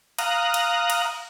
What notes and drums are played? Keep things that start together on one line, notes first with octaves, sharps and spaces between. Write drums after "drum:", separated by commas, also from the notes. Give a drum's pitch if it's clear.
F5 A#5 D#6 F#6, drum: cymbal
drum: cymbal
drum: cymbal